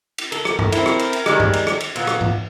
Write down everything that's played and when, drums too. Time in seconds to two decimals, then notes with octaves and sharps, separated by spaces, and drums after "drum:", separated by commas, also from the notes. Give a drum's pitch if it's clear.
0.18 drum: cymbal
0.32 A4 A#4, drum: cymbal
0.45 drum: rim click
0.59 drum: tom G2
0.72 C4 E4, drum: cymbal
0.86 drum: rim click
0.99 drum: cymbal
1.13 drum: cymbal
1.26 D#3 G3 G#3, drum: rim click
1.40 drum: tom G2
1.53 drum: cymbal
1.67 drum: rim click
1.80 drum: cymbal
1.96 A#2 B3, drum: cymbal
2.07 drum: rim click
2.21 drum: tom G#2